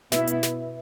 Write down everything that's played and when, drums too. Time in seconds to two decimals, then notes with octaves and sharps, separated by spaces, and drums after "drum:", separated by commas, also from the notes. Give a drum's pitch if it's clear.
0.12 B2 B3 E4 B4 E5, drum: snare
0.27 drum: hi-hat
0.43 drum: snare